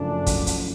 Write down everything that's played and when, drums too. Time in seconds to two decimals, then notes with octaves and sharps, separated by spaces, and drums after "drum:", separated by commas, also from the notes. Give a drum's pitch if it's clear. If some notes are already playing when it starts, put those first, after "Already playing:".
Already playing: F#1 F#2 C#3 F3 A3 D4
0.26 F#1, drum: kick, hi-hat
0.47 drum: hi-hat